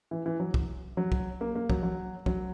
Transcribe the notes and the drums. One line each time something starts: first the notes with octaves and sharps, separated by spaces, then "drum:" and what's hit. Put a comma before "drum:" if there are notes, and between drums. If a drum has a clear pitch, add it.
E3
E3
F#3
drum: kick
F#3
drum: kick
A#3
A#3
F#3, drum: kick
F#3
F#3, drum: kick